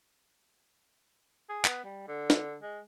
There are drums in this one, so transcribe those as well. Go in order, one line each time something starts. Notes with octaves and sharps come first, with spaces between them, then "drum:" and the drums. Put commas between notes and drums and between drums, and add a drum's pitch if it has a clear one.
G#4
B3, drum: clap
G3
D3
drum: snare
G#3